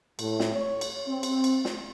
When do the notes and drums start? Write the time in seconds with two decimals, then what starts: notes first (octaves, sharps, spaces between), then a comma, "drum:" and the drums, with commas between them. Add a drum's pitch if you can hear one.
0.19 A2, drum: cymbal
0.40 drum: snare
0.54 C#5
0.81 drum: cymbal
1.08 C4
1.23 drum: cymbal
1.44 drum: cymbal
1.65 drum: snare